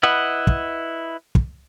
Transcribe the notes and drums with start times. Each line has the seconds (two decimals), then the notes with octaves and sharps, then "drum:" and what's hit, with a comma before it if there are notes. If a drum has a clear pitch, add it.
0.03 E4 B4 D#5 F#5
0.47 drum: kick
1.35 drum: kick